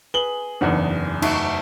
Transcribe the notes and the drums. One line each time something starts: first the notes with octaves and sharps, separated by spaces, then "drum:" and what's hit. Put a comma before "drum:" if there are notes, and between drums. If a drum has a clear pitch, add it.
G#4 B4 F#7 G7
F#1 E2 D4 D#4 F#5
A3 D#4 F#4 E5, drum: cymbal